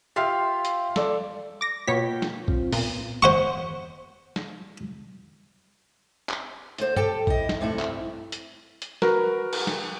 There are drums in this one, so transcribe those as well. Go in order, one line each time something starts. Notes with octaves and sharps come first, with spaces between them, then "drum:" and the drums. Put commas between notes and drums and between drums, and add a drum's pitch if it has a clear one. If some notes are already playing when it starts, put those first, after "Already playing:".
F4 G4 E5 F5
drum: hi-hat
A4 D5, drum: snare
D6 A#6
B2 A#3 F4 C#5 G5 B6
drum: snare
C4 F4, drum: kick A#1
A#2 B3, drum: open hi-hat
C5 F#5 C#6
drum: snare
drum: clap
D2 C5, drum: hi-hat
G4 A4 G5 A5, drum: tom G2
E4 D#5, drum: kick A#1
drum: snare
G2 C3 A3 E4
drum: clap
drum: hi-hat
drum: hi-hat
F#4 A#4 B4, drum: snare
drum: cymbal
drum: snare